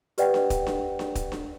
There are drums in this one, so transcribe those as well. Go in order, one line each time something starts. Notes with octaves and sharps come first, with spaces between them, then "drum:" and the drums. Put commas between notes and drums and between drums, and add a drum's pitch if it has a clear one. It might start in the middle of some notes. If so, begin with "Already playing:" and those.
G4 B4 D5 D#5 F#5 G5, drum: hi-hat
drum: snare D4
drum: kick, hi-hat
drum: snare D4
drum: snare D4
drum: kick, hi-hat
drum: snare D4